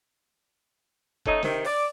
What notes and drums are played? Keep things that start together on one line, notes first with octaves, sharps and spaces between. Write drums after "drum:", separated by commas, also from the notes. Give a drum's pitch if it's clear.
A3 C#4 D#4, drum: kick F1
C3 D#3, drum: snare
D5, drum: open hi-hat